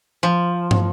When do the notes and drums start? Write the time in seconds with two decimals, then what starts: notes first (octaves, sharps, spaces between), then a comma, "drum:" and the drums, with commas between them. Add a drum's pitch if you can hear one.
0.23 F3
0.71 drum: tom